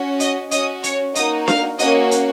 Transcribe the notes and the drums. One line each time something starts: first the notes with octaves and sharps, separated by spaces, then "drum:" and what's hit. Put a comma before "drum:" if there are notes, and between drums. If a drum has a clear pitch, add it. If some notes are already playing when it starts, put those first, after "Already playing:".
Already playing: C#4 F#4
D#5 D#6, drum: hi-hat
C#4 F#4 D#5 D#6, drum: hi-hat
C#5 C#6, drum: hi-hat
A#3 D#4 F#4 D#5 D#6, drum: hi-hat
F5 F6, drum: snare D4
A#3 C#4 F#4 D#5 D#6, drum: hi-hat
drum: hi-hat